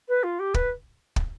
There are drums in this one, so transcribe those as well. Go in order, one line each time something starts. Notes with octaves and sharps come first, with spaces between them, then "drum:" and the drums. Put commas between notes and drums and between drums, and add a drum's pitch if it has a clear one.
B4
F4
G4
B4, drum: kick
drum: kick